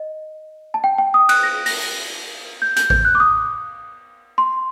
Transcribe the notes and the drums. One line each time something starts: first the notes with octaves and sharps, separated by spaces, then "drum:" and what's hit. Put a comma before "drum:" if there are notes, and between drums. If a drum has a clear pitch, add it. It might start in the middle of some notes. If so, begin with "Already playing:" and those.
Already playing: D#5
A5
G5
G5
D#6
F#6, drum: cymbal
A#6
A#6, drum: open hi-hat
G6
G6, drum: hi-hat
G6, drum: kick A1
F#6
D6
D#6
C6